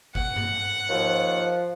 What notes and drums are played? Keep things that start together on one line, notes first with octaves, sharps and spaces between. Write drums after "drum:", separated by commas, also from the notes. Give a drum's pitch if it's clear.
F#5, drum: kick G1
drum: tom G2
D#2 F3